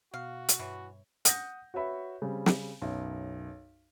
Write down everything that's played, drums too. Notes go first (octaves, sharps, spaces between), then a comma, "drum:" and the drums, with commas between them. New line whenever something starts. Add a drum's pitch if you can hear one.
B2 F#4 F5
drum: hi-hat
G2 E3 C#5
F#5 D#6 G6 A#6, drum: hi-hat
F#4 B4 C#5 E5 B5
C#3 G3 C4
drum: snare
B1 F#2